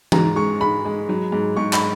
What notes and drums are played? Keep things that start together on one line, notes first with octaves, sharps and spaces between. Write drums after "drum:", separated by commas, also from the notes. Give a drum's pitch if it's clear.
G#2 A#5, drum: tom E3
G#3 C#6
G#3 B5
G#3
F#3
G#2
G#2 C#6
B5, drum: clap